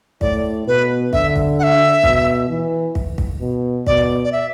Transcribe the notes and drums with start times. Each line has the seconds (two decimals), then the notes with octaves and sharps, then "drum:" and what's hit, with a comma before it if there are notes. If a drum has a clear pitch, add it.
0.21 A2 D5, drum: kick
0.67 B2 B4
1.13 D3 E5, drum: kick
1.36 drum: kick
1.59 F#5
1.63 E5
2.03 B2, drum: kick
2.49 E3
2.95 drum: kick
3.18 drum: kick
3.41 B2
3.87 B2 D5, drum: kick
4.24 D5
4.32 E5